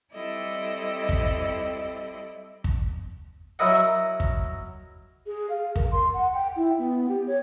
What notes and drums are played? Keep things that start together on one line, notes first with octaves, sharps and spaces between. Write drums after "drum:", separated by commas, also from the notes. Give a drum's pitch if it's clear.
G3 C4 E4 A4 D5 D#5
drum: kick
drum: kick
F#3 E4 A#4 D#5 F#5
drum: kick
G#4
F5
A#4, drum: kick
C6
F#5
G5
E4
B3
G4
C#5